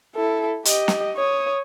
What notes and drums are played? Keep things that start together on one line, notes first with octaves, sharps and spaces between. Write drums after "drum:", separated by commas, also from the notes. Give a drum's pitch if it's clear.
E4 A4
G4 D#5, drum: hi-hat
drum: snare
C#5 D#6